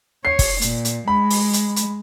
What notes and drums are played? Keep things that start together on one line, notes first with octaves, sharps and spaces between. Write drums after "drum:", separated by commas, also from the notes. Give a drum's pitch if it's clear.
C#5 C7
drum: kick, open hi-hat
A#2, drum: hi-hat
drum: hi-hat
G#3 B5
drum: open hi-hat
drum: hi-hat
drum: hi-hat